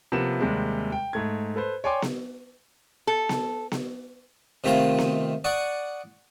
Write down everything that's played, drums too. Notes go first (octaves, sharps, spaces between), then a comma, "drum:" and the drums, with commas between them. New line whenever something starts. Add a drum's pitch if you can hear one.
C3 F3 A#3 B3 E7
D#2 C3 G3 G#3
G5
G#2 A3 G#6
A4 B4 C5
C#5 D5 G5 G#5 C6 D6
drum: snare B3
A4
drum: snare B3
drum: snare B3
C3 D#3 A3 F4 C5
drum: snare B3
D5 F#5 C#6 D#6